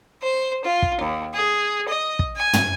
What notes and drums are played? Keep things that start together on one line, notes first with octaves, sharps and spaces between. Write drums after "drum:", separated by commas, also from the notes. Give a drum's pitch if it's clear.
C5
F4
drum: kick
D#2
G#4
D#5
drum: kick
G#5
drum: tom